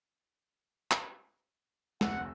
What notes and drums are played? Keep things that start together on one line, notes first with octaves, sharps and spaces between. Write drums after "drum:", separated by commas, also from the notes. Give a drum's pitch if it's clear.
drum: clap
F1 D2 F#5 E6, drum: snare